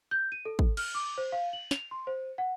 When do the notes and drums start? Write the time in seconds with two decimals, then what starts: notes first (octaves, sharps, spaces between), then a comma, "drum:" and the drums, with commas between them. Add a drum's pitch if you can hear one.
0.11 G6
0.32 D#7
0.45 A4
0.59 drum: kick
0.77 F6, drum: cymbal
0.95 D6
1.18 C5
1.32 F5
1.53 F#7
1.71 F7, drum: snare
1.91 C6
2.07 C5
2.38 F#5